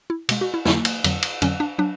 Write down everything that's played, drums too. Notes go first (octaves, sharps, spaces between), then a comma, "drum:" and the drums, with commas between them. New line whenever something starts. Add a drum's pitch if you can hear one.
E4
B2 G#3, drum: cymbal
F#4
E4
F2 D3 F#3 E4, drum: snare
drum: cymbal
F2 D3 F#3, drum: cymbal
drum: cymbal
F2 D3 F#3 C#4, drum: cymbal
D4
F#3 D4